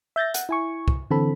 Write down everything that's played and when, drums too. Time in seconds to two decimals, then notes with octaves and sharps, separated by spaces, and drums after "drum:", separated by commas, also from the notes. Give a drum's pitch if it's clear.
0.16 E5 G6 A6 A#6
0.34 F#5, drum: hi-hat
0.49 E4 G#5 C#6
0.88 drum: kick
1.10 D3 E3 C4 A4 B5